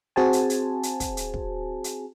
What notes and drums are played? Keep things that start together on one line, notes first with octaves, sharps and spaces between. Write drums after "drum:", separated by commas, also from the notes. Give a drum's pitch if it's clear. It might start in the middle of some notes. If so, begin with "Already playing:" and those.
C4 F#4 G#4 C5 G#5 A5
drum: hi-hat
drum: hi-hat
drum: hi-hat
drum: kick, hi-hat
drum: hi-hat
drum: kick
drum: hi-hat